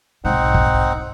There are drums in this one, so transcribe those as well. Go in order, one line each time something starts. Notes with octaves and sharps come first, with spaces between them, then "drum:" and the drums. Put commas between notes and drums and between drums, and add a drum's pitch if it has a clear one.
B1 G#2 C4 D#4 F#5
drum: kick